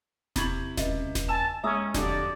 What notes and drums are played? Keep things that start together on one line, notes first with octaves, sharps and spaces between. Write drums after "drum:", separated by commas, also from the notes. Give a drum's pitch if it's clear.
C3 E4 B5 C#6 G#6 F#7, drum: snare E1
C#2 D#5 E5, drum: snare E1
drum: snare E1
G#5 A5 E6 E7
G#3 C#4 E5 A#5 D#6 E6 G#6
F2 D3 F#3 G4 D5, drum: snare E1